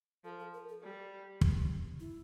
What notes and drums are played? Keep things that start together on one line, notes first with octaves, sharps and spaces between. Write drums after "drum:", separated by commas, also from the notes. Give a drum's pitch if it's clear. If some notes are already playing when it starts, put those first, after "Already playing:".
F3 A4
A4
A#4
A4
G3
drum: kick
E4